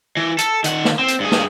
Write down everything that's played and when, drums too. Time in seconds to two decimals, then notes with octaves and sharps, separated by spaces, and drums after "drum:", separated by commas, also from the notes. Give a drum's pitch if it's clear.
0.17 E3
0.38 A4, drum: hi-hat
0.64 D#3 F#5, drum: hi-hat
0.85 drum: snare
0.99 C4
1.08 drum: hi-hat
1.20 G2 G#4
1.32 drum: snare